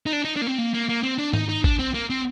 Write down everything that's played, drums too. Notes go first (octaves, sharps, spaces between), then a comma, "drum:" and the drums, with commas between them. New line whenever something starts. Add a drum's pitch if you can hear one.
D#4
D4
D#4
D4
A#3
C4
A#3
A#3
A#3
C4
D4
D#4, drum: tom G#2
D#4
D4, drum: kick G#1
C4
A#3
C4